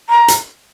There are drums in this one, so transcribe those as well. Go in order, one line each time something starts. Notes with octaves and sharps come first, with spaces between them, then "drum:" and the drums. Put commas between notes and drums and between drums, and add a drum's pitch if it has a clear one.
A#5
drum: hi-hat